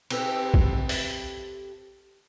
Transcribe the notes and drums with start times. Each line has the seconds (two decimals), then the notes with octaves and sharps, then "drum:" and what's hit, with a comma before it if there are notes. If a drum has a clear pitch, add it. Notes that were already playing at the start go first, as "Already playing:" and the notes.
0.10 C4 G4 A4 B4, drum: cymbal
0.54 drum: kick A1
0.89 drum: open hi-hat